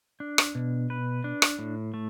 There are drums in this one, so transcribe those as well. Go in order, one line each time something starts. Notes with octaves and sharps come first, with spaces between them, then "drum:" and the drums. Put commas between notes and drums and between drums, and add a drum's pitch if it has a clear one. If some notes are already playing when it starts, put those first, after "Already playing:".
D4
drum: rim click
B2
B4
D4
drum: rim click
A2
A3